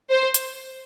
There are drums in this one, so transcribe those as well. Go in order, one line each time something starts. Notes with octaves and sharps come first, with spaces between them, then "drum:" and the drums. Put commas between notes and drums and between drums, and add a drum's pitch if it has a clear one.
C5
drum: hi-hat